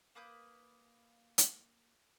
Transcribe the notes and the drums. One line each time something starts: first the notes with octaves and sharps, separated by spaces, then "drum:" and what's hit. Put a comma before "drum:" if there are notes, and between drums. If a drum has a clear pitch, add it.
A#3 B4 D#6 G6
drum: hi-hat